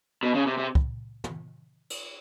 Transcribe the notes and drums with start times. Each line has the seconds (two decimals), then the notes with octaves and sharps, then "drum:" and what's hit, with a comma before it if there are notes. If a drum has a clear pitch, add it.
0.23 B2
0.35 C#3
0.46 C3
0.58 C3
0.75 drum: kick
1.24 drum: tom
1.90 drum: cymbal